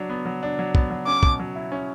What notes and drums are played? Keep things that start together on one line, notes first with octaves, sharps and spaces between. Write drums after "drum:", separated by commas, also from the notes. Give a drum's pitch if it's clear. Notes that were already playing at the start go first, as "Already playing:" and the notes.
Already playing: F#3 D4
B3
F#3
D4
F#3
B3, drum: kick
F#3
C#4 D6
B2, drum: kick
F#3
E4
C#4